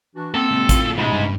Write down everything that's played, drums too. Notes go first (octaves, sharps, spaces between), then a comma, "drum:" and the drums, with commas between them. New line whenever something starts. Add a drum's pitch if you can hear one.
E3 D4 F#4
A#3 C4 A4 F#5
C#2 A#2
A2 F4, drum: kick, hi-hat
G#2 C3 G#3 C#4 B5
G2